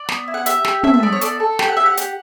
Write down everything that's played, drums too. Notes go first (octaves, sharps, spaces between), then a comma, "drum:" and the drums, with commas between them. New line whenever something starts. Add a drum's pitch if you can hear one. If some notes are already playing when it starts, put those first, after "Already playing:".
Already playing: D5
B3, drum: snare
E4
F#5
G4 E5, drum: hi-hat
G4, drum: snare
D4 E5, drum: tom
E5
B3 D5
C#5
A4 D5, drum: hi-hat
A4
G4 G5, drum: snare
F#5
G4 E5
F#5
G4, drum: hi-hat